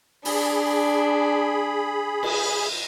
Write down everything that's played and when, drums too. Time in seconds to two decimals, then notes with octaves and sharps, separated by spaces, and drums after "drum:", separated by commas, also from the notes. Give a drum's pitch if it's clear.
0.25 D4 G#4 B5, drum: open hi-hat
2.23 drum: cymbal